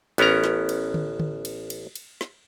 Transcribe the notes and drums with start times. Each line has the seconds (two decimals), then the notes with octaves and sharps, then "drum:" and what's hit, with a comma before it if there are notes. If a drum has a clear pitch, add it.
0.18 A1 B3 C#4 A#4 A#5, drum: cymbal
0.44 drum: snare
0.69 drum: cymbal
0.94 drum: tom D3
1.20 drum: tom D3
1.45 drum: cymbal
1.70 drum: cymbal
1.96 drum: cymbal
2.21 drum: snare